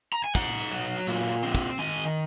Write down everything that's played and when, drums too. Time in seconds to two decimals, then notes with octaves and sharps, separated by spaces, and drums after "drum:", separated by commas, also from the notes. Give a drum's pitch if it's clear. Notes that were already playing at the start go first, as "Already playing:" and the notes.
0.12 A#5
0.24 G#5
0.35 D#4 F#5, drum: kick
0.59 drum: hi-hat
0.71 F#3
1.07 A#2, drum: hi-hat
1.43 C4
1.55 drum: kick, hi-hat
1.79 D#3 G#5